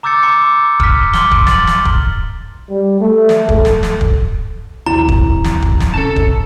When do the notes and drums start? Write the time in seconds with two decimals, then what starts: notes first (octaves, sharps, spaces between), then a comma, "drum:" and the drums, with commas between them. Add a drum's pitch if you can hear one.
0.03 A#5 D6 E6 G6 A6 C#7
0.23 A#5 C6 D6 C#7
0.41 D6
0.80 F6 B6, drum: kick
1.13 C6 D6 F6 G7, drum: snare
1.31 drum: kick
1.47 A6 F#7, drum: snare
1.67 drum: snare
1.85 drum: kick
2.70 G3
3.01 A3
3.29 drum: snare
3.49 A4, drum: kick
3.65 drum: snare
3.83 drum: snare
4.01 drum: kick
4.86 A#1 D#2 C3 E4 A#5
5.08 drum: kick
5.44 drum: snare
5.62 drum: kick
5.80 drum: snare
5.94 C3 C#4 A4 A5
6.16 drum: kick